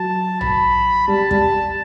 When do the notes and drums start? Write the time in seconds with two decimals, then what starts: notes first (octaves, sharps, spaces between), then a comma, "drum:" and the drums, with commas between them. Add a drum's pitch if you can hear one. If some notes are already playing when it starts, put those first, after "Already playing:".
Already playing: F#3 A5
0.41 B5, drum: tom A#1
1.08 G3 A5
1.31 G3, drum: kick